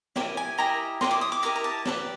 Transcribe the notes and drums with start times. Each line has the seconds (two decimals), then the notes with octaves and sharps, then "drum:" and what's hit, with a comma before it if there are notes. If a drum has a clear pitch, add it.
0.16 E4 G4 A#4 D#5, drum: snare
0.37 G#5
0.58 E4 G4 A#4 D#5 A#5
1.01 E4 G4 A#4 D#5 C6, drum: snare
1.11 D6
1.21 D#6
1.32 D6
1.43 E4 G4 A#4 D#5 A#5
1.56 A#5
1.64 A5
1.85 G4 B4 D5 A5, drum: snare